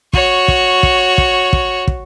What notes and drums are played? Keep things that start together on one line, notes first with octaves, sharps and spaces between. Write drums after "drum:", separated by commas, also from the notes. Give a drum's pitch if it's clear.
F#4 C#5, drum: kick
drum: kick
drum: kick
drum: kick
drum: kick
drum: kick